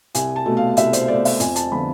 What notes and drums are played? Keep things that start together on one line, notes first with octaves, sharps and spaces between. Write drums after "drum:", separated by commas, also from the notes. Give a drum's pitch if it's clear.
C2 G#5, drum: hi-hat
A5
B2 A3
F5
C2 E5, drum: hi-hat
C5, drum: hi-hat
B2 A3 D5
E5, drum: open hi-hat
F2 G#5, drum: hi-hat
A5, drum: hi-hat
D3 F3 B3 B5